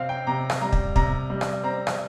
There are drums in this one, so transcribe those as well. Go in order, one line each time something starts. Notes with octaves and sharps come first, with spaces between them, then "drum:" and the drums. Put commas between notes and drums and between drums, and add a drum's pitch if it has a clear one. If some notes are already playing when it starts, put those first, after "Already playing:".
Already playing: C3 C4 F5
G5
C3 A#5
drum: rim click
G3 A#5
drum: kick
C3 A#5, drum: kick
G3
drum: rim click
C4 A#5
drum: rim click